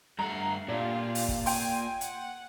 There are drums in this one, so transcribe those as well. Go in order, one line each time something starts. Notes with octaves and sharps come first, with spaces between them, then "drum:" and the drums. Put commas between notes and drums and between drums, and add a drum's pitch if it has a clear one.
G2 A3 F#5 A#5 C7
A#2 D4 F4 G4
drum: open hi-hat
drum: kick
G5 G#5 C6, drum: open hi-hat
F#5, drum: hi-hat